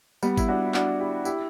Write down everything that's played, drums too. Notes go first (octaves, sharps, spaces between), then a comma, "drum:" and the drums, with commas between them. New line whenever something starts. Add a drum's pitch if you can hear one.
G3 B3, drum: tambourine
E4, drum: kick G#1, tambourine
D4 F#4
E4
D4 F#4, drum: clap
E4 G4
E4 G4, drum: tambourine